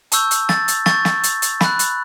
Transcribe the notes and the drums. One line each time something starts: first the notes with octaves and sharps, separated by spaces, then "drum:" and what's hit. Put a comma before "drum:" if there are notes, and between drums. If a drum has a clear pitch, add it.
A5 C#6 E6 G6, drum: hi-hat
drum: hi-hat
A6, drum: snare
drum: hi-hat
C#6 G6 A6, drum: snare
drum: snare
drum: hi-hat
drum: hi-hat
B5 F#6, drum: snare
drum: hi-hat